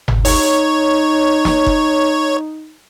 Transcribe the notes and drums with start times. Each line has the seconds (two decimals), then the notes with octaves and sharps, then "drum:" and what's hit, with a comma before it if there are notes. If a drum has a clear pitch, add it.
0.08 drum: tom G1
0.25 D#4 C#5, drum: open hi-hat
1.45 drum: snare
1.66 drum: kick F#1